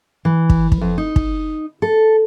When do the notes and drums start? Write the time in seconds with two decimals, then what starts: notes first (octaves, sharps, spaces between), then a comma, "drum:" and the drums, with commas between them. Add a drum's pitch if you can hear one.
0.25 E3
0.50 drum: kick
0.72 drum: kick
0.81 F2
0.98 D#4
1.16 drum: kick
1.82 A4